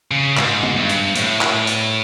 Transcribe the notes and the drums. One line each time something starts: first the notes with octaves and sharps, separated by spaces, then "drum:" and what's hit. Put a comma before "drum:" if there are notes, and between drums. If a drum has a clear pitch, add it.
C#3
G#2, drum: clap
drum: tom
G2
drum: hi-hat
A2, drum: hi-hat
drum: clap
drum: hi-hat